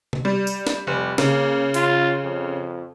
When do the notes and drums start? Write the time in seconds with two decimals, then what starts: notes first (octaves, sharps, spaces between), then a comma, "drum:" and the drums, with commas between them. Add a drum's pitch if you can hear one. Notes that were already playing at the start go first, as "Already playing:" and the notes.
0.13 drum: tom C3
0.25 G3
0.47 drum: tambourine
0.67 drum: snare
0.87 F1 G3
1.18 C#3 A#3, drum: snare
1.74 F4, drum: hi-hat
2.24 F2